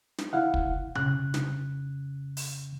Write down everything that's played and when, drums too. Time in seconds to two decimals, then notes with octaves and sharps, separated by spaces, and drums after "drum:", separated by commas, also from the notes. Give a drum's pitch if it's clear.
0.18 drum: snare
0.33 E4 F5 F#5
0.54 drum: kick
0.95 F2 C#3 F#6, drum: tom C3
1.34 drum: snare
2.37 drum: open hi-hat